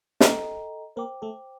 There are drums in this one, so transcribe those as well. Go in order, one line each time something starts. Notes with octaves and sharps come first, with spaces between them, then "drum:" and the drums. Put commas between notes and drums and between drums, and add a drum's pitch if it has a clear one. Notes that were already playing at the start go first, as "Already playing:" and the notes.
A4 D#5 G5 A#5, drum: snare
A#3 A#4 C5 G5 D6
A3 A4